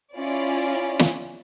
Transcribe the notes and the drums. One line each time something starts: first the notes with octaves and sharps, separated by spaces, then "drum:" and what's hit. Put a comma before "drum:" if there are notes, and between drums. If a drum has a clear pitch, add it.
C#4 E4 F4 D5
drum: snare